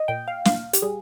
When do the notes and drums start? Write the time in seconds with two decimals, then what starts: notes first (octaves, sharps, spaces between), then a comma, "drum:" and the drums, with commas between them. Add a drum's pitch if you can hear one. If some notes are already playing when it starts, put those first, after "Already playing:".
Already playing: D#5
0.08 A#2 G5
0.28 F5
0.45 A#2 F5, drum: snare
0.73 G4, drum: hi-hat
0.82 G3 G#4